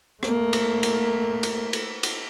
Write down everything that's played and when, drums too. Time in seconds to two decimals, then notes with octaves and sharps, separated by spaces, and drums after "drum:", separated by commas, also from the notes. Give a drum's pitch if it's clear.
0.23 A3 A#3, drum: rim click
0.53 drum: cymbal
0.83 drum: cymbal
1.43 drum: cymbal
1.73 drum: cymbal
2.03 drum: cymbal